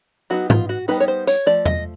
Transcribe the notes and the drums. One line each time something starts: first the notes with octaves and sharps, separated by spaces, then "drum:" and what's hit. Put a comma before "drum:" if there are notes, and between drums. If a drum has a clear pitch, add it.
F#3 B3 D#4 F#4
F4, drum: tom G#2
F#4
G3 B3 D#4 B4
C#5
C5
C#5, drum: tambourine
F3 A3 D5
D#5, drum: tom E2